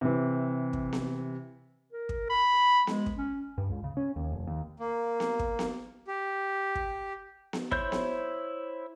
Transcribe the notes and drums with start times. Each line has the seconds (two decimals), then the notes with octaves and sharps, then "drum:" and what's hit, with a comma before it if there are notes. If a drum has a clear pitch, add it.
0.01 C3 E3
0.73 drum: kick
0.93 drum: snare B3
1.93 A#4
2.09 drum: kick
2.30 B5
2.87 G#3, drum: snare B3
3.06 drum: kick
3.18 C#4
3.58 G2
3.70 C#2
3.84 C#3
3.97 C#4
4.16 D#2
4.32 F1
4.47 D#2
4.80 A#3
5.20 drum: snare B3
5.39 drum: kick
5.59 drum: snare B3
6.07 G4
6.75 drum: kick
7.53 drum: snare B3
7.71 E4 C5 C#5 G6, drum: kick
7.92 drum: snare B3